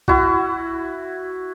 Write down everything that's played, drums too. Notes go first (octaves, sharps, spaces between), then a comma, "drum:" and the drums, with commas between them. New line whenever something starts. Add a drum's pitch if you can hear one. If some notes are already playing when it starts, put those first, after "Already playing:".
E4 F#4, drum: kick B1